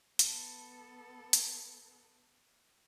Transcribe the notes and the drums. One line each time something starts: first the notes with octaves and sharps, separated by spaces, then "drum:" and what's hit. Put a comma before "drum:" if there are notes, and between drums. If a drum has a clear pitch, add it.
B3 A4, drum: hi-hat
drum: hi-hat